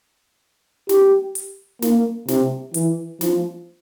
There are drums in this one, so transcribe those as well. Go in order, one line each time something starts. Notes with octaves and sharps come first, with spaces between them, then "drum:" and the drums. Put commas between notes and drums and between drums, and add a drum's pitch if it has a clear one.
G4, drum: snare
drum: hi-hat
A#3, drum: snare
C3, drum: snare
E3, drum: hi-hat
F3, drum: snare